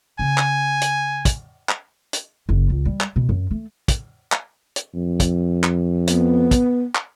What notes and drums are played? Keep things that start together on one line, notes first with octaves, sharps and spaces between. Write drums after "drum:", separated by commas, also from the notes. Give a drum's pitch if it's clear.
C#3 G#5
drum: clap
drum: hi-hat
drum: kick, hi-hat
drum: clap
drum: hi-hat
F#1
C#2
G3
drum: clap
B2
F#2
A3
drum: kick, hi-hat
drum: clap
drum: hi-hat
F2
drum: kick, hi-hat
drum: clap
B3, drum: hi-hat
drum: kick, hi-hat
drum: clap